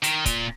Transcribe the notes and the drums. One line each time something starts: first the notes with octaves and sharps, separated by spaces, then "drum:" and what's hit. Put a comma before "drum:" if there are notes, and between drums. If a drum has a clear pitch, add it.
D#3, drum: hi-hat
A#2, drum: kick, hi-hat